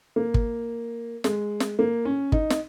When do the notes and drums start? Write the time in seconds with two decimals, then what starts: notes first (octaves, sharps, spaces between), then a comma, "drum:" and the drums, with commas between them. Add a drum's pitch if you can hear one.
0.16 A#3
0.34 drum: kick
1.24 G#3, drum: snare
1.60 drum: snare
1.79 A#3
2.05 C#4
2.32 D#4, drum: kick
2.50 drum: snare